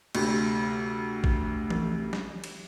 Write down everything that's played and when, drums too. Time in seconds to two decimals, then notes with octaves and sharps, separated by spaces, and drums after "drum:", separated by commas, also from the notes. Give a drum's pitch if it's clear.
0.15 D2 C3, drum: cymbal
1.24 drum: kick A1
1.70 drum: tom E3
2.13 drum: snare
2.44 drum: cymbal